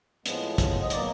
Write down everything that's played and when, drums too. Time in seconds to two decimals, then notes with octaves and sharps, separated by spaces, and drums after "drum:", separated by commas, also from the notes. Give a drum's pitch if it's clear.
0.26 A2 F3 G#3 B3, drum: hi-hat
0.58 drum: kick, hi-hat
0.83 D#5
0.90 B2 F#3 A#3 D5, drum: hi-hat